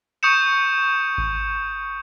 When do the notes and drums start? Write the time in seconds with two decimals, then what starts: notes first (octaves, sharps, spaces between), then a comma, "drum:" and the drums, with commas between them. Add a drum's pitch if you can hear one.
0.23 C#6 D#6 G6 C#7 E7
1.18 drum: kick G#1